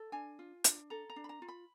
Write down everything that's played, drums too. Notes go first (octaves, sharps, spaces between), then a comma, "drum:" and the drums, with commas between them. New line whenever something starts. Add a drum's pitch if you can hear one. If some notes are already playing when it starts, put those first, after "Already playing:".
Already playing: A4
D4 G#5
F4
D4, drum: hi-hat
A4 A#5
A#5
D4
B5
A#5
F4
B5